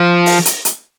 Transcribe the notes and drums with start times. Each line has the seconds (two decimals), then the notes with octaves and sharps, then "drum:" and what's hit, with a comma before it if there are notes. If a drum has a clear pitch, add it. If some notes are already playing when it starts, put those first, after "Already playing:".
Already playing: F3
0.26 drum: open hi-hat
0.45 drum: hi-hat
0.65 drum: hi-hat